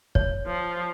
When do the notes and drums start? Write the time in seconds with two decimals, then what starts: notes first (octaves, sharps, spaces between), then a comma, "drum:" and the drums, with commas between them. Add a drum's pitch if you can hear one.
0.15 C#5, drum: kick
0.46 F3